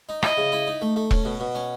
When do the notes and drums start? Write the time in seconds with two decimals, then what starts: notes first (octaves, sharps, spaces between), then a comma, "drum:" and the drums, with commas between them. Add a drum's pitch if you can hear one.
0.09 D#4
0.23 E4 D#5, drum: rim click
0.37 C#3
0.52 E4
0.67 D#4
0.81 A3
0.96 A3
1.11 C#4, drum: kick E1
1.25 B2
1.40 B2
1.55 C#4